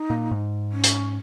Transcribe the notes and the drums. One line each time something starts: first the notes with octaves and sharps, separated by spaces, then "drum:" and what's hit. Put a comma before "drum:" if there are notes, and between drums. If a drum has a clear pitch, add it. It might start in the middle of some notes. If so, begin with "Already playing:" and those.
Already playing: D#4
A#2
G#2
C#4
drum: hi-hat